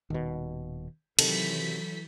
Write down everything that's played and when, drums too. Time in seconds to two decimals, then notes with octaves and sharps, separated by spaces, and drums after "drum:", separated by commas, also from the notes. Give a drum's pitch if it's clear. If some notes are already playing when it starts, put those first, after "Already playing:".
0.10 D#1 B2 D#3
1.19 C3 D#3 E3 F#3 A4 B6, drum: cymbal